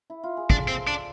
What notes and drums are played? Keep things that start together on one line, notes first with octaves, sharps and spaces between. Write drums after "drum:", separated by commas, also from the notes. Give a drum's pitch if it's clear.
E4
F4
G#4
D4 A4, drum: kick
C4 C5
D4 D5